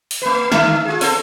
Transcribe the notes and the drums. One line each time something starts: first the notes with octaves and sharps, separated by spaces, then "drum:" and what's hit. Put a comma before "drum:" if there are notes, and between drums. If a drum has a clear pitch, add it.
drum: open hi-hat
A3 B4
D3 A3 E5, drum: snare
F4 G#4
B3 A4, drum: open hi-hat